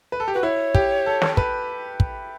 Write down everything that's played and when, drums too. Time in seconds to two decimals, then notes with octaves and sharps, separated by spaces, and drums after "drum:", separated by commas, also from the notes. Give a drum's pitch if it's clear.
0.12 B4
0.20 A4
0.28 G4
0.34 F#4 B4
0.43 E4 C#5
0.75 G4, drum: kick
1.06 A4
1.22 drum: snare
1.37 B4, drum: kick
2.00 drum: kick